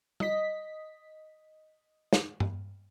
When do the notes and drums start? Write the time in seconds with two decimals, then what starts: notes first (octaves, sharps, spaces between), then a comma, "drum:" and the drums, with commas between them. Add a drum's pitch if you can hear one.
0.20 D#5 B6, drum: tom
2.13 drum: snare
2.40 drum: tom G2